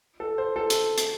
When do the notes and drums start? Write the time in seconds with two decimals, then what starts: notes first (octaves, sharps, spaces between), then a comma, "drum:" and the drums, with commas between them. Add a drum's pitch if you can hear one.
0.20 A4
0.38 C5
0.56 A4
0.70 drum: hi-hat
0.98 drum: hi-hat